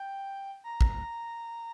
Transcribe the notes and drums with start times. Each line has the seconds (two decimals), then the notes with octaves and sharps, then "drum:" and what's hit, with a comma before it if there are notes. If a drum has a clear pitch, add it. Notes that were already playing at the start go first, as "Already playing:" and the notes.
Already playing: G5
0.64 A#5
0.81 drum: kick